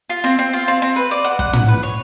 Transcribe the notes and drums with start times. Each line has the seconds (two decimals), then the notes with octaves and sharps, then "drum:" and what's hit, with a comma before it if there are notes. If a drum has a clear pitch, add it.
0.10 F4
0.24 C4
0.39 C4
0.53 F4
0.68 C4
0.82 C4
0.96 B4
1.11 D5
1.24 F#5
1.39 F#5, drum: kick
1.53 F#5, drum: tom
1.68 B4
1.83 C#5